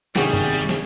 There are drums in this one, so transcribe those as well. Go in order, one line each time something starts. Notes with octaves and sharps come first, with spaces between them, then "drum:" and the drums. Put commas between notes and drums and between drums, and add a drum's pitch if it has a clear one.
G#1 F#2 C3 D#3 G3 G#4 F#5 C#6, drum: snare
drum: tom F#2
drum: hi-hat
drum: snare